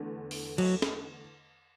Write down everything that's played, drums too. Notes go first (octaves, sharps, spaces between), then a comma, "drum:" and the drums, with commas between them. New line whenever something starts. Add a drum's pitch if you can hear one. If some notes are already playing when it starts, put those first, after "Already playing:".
Already playing: E2 D3 A3
drum: open hi-hat
F#3, drum: cymbal
drum: snare